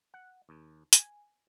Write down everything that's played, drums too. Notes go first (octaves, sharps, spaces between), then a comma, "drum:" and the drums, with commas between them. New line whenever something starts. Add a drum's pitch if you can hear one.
F#5
D#2
G#5, drum: hi-hat